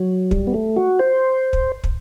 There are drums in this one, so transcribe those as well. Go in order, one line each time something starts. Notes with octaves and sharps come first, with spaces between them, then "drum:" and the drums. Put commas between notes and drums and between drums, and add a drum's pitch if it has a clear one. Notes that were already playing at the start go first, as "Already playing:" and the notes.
Already playing: F#3
G3, drum: kick
B3
A3
F#4
C5
drum: kick
drum: kick